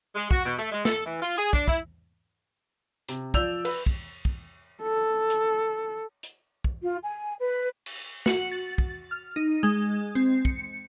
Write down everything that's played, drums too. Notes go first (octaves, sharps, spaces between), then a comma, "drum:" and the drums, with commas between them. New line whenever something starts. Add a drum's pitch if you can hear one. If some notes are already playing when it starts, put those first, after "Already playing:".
G#3
F#4, drum: kick
B2
A3
G#3
A4, drum: snare
E3
F4
G#4
D4, drum: kick
E4, drum: kick
C3, drum: hi-hat
F3 D5 E6 G6 F7, drum: kick
B4, drum: cymbal
drum: kick
drum: kick
A4
drum: hi-hat
drum: hi-hat
drum: kick
F4
G#5
B4
drum: cymbal
F#4, drum: snare
A6
drum: kick
F6
D#4
G#3
C4
C#7, drum: kick